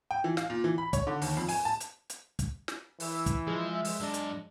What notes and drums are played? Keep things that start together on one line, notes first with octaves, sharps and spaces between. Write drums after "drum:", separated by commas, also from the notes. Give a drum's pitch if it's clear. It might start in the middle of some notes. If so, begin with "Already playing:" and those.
G5
E3
F5, drum: snare
A#2
E3
B5
C#5, drum: kick, hi-hat
D3
D#2, drum: open hi-hat
F2
G#5, drum: open hi-hat
A5
drum: hi-hat
drum: hi-hat
drum: kick, hi-hat
drum: snare
E3 E5 E6, drum: open hi-hat
drum: kick, hi-hat
F3 G#3
drum: open hi-hat
F#2 D4 D#5
drum: hi-hat